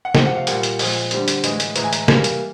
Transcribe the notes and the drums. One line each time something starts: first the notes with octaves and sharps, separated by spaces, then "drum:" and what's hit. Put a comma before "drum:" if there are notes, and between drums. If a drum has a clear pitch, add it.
F#5
C3 F3 A3 G5, drum: snare
F#5
F5
A#2 G3 A#3 F#5, drum: hi-hat
drum: hi-hat
A#2 F3 G#3, drum: open hi-hat
D3 G3 C4, drum: hi-hat
drum: hi-hat
A2 E3 G#3, drum: hi-hat
drum: hi-hat
A2 E3 G#3 A#5, drum: hi-hat
G#5
A#5, drum: hi-hat
E3 G3 A#3, drum: snare
drum: hi-hat